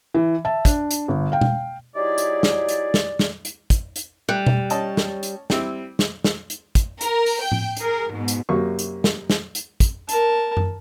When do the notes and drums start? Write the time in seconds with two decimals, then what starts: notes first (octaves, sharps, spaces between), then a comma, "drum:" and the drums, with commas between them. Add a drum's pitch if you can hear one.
0.14 E3
0.45 E5 A5
0.65 D4, drum: kick, hi-hat
0.91 drum: hi-hat
1.08 G1
1.32 F5 G5
1.41 drum: tom B2
1.96 F#3 D#4 E4 G4 G#4 D5
2.18 drum: hi-hat
2.43 drum: snare
2.69 drum: hi-hat
2.94 drum: snare
3.19 drum: snare
3.45 drum: hi-hat
3.70 drum: kick, hi-hat
3.96 drum: hi-hat
4.29 G3 F#6
4.47 drum: tom B2
4.70 C#4 D#5 A5, drum: hi-hat
4.97 drum: snare
5.23 drum: hi-hat
5.50 G3 C4 E4, drum: snare
5.99 drum: snare
6.24 drum: snare
6.50 drum: hi-hat
6.75 drum: kick, hi-hat
7.01 A#4, drum: hi-hat
7.26 drum: open hi-hat
7.40 G5
7.52 drum: tom A2
7.77 G#4 A#4, drum: hi-hat
8.09 G#2 B2
8.28 drum: hi-hat
8.49 F#2 C3 A#3 C#6
8.79 drum: hi-hat
9.04 drum: snare
9.30 drum: snare
9.55 drum: hi-hat
9.80 drum: kick, hi-hat
10.09 A#4 A5, drum: hi-hat
10.57 drum: tom F#2